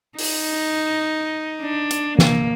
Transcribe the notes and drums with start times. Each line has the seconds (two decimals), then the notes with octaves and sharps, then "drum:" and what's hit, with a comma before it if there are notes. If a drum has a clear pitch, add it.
0.19 D#4, drum: open hi-hat
1.62 D4
1.91 drum: hi-hat
2.19 A#3, drum: snare